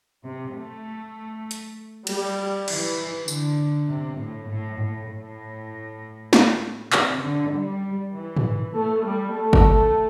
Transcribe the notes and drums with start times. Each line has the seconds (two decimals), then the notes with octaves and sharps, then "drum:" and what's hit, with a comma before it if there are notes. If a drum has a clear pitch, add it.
0.24 C3
0.55 A3
1.51 drum: hi-hat
2.07 G3, drum: cymbal
2.68 E3, drum: cymbal
3.28 D3, drum: tambourine
3.89 C3
4.19 A2
4.49 A2
4.80 A2
5.10 A2
6.33 drum: snare
6.92 C3, drum: clap
7.23 D3
7.52 G3
8.13 E3
8.37 drum: tom G#2
8.74 A3
9.05 G3
9.35 A3
9.53 drum: kick G1